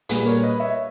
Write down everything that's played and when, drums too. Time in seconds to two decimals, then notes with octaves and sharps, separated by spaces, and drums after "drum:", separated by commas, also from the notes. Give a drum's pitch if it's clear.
0.09 A#1 A#2 G3 G#4 B4, drum: hi-hat
0.26 A#4 C#5
0.43 B4 D#5
0.60 C#5 E5